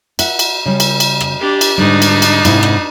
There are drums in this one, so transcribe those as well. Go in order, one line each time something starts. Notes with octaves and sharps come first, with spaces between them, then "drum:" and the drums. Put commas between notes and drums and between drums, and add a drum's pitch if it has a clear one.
E5 F#5, drum: cymbal
drum: cymbal
C#3 G3
drum: cymbal
drum: cymbal
drum: rim click
D4 G4
drum: cymbal
G#2 D3 G3 D4 D#4
drum: cymbal
drum: cymbal
G#2 C3 E4, drum: cymbal
drum: rim click